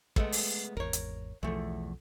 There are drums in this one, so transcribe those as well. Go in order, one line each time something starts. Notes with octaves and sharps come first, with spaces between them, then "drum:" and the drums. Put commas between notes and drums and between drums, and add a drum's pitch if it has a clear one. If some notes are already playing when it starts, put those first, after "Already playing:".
G#3 A3 B3, drum: kick
drum: open hi-hat
G#1 E2 A#4 C#5
drum: hi-hat
B1 E2 F3 A3